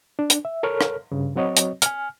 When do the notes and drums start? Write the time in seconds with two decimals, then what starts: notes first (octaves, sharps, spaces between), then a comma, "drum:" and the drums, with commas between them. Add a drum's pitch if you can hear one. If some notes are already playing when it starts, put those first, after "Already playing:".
0.19 D4
0.30 drum: hi-hat
0.45 E5
0.63 A4 A#4 C#5 F6
0.81 drum: rim click
1.12 G2 C#3
1.35 F#3 C4 F#4 C#5 D#5
1.57 drum: hi-hat
1.82 G#5 F6, drum: hi-hat